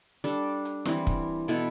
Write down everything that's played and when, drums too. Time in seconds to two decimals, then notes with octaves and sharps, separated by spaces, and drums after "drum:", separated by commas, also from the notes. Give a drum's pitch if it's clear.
0.24 G3 D4 A4, drum: hi-hat
0.65 drum: hi-hat
0.85 E3 G3 C4, drum: snare
1.07 drum: kick, hi-hat
1.48 B2 B3 E4 A4, drum: hi-hat